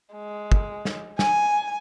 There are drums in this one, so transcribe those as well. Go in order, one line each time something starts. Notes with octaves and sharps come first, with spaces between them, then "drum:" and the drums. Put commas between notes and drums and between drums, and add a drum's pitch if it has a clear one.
G#3
drum: kick
drum: snare
G#5, drum: snare